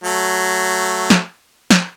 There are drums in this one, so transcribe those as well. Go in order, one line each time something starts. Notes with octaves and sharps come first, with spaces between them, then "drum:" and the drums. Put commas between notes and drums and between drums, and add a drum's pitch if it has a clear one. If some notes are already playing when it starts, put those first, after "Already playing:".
F#3 A3
drum: snare
drum: snare